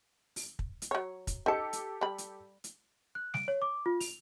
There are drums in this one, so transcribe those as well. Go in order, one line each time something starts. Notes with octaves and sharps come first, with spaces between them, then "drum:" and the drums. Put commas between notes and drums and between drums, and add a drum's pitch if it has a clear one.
drum: open hi-hat
drum: kick
drum: hi-hat
F#3 C#5
drum: kick, hi-hat
D#4 G4 A4 A5 C#7
drum: hi-hat
G3 B5
drum: hi-hat
drum: hi-hat
F#6
D7, drum: snare
C#5
D6
F4
F7, drum: open hi-hat